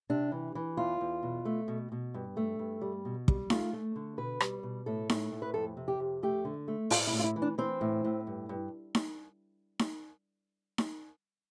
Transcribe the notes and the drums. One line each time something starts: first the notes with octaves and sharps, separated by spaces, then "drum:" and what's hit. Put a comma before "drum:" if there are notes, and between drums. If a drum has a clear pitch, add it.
C3 D4
E3
E3
E2 F4
E2
B2
A3
B2
B2
G2
A3
G2
G3
B2
G3, drum: kick
A3 F4, drum: snare D#4
A3
D3
B2 B4
G3, drum: rim click
B2
A2 A4
A3, drum: snare D#4
A2
B4
F2 A4
C3
G4
F2
A3 G4
D3
A3
A2 F4, drum: open hi-hat
E4
A2
F4
E4
E3
D4
E3 C4
A2
A2
G2
G2
drum: snare D#4
drum: snare D#4
drum: snare D#4